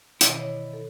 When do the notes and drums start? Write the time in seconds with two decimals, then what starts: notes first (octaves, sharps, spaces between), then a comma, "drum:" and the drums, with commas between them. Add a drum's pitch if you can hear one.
0.21 B2 D#3 E3 E4 D5 D#5, drum: hi-hat
0.38 C#5
0.73 A4